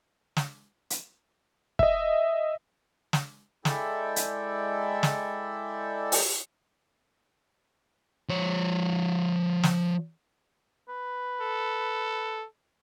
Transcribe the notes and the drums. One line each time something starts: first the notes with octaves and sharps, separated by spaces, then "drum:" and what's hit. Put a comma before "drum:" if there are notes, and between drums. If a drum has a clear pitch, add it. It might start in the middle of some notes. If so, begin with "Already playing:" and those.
drum: snare
drum: hi-hat
D#5 E5, drum: kick
drum: snare
G#3 E4 A4 D5 E5 G5, drum: snare
drum: hi-hat
drum: snare
drum: open hi-hat
F3 C#5
drum: snare
B4
A4